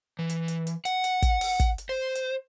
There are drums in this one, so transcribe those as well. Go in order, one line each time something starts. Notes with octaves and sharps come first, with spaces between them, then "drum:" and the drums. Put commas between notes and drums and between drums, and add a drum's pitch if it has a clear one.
E3
drum: hi-hat
drum: hi-hat
drum: hi-hat
F#5, drum: hi-hat
drum: hi-hat
drum: kick, hi-hat
drum: open hi-hat
drum: kick, hi-hat
drum: hi-hat
C5
drum: hi-hat